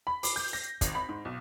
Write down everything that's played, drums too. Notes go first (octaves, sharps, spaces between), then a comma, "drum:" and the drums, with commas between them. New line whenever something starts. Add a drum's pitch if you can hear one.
B5
D6, drum: open hi-hat
G6
A#6
G#1, drum: kick, hi-hat
B5
G#2
B1